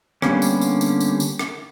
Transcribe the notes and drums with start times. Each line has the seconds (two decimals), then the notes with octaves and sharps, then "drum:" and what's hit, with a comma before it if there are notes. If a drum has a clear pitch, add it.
0.22 D3 G3 A#3 B3 C#4, drum: rim click
0.42 drum: tambourine
0.61 drum: tambourine
0.81 drum: tambourine
1.00 drum: tambourine
1.20 drum: tambourine
1.39 drum: rim click